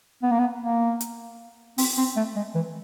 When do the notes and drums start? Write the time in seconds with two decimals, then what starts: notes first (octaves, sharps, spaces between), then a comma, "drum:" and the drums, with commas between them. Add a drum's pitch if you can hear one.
0.23 B3
0.31 A#3
0.39 B3
0.62 A#3
1.01 drum: hi-hat
1.78 C4, drum: open hi-hat
1.97 C4
2.16 A3
2.36 G#3
2.55 E3